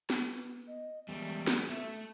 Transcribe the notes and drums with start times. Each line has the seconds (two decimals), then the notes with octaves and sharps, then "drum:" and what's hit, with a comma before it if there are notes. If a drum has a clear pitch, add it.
0.10 B3, drum: snare
0.67 D#5
1.09 E2 G3 G#3
1.47 drum: snare
1.69 A3 E5